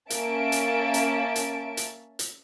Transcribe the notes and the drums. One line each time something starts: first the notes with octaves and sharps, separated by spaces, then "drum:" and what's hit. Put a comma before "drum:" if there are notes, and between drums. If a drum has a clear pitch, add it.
A#3 C#4 E5 A5 D7, drum: hi-hat
drum: hi-hat
drum: hi-hat
drum: hi-hat
drum: hi-hat
drum: hi-hat